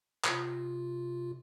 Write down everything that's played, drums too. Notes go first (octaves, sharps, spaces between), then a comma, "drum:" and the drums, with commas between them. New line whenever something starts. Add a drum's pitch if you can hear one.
C3 F4, drum: clap